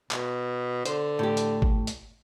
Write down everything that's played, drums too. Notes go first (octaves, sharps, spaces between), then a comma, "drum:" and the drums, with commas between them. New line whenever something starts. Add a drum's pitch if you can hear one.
B2, drum: clap
D3 C5, drum: hi-hat
A2 G4
drum: hi-hat
drum: kick
drum: hi-hat